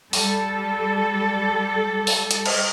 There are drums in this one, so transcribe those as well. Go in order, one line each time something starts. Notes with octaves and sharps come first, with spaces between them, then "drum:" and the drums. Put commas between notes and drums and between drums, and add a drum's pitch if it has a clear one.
G3 A4, drum: open hi-hat
drum: open hi-hat
drum: hi-hat
drum: cymbal